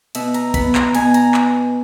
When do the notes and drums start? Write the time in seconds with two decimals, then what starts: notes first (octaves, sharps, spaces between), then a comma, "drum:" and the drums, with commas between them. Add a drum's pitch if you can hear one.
0.15 B2 E5, drum: cymbal
0.34 A#5, drum: cymbal
0.54 B3 B5, drum: kick, cymbal
0.75 A#5, drum: clap
0.95 B2 G#5, drum: cymbal
1.14 A#5, drum: cymbal
1.34 drum: clap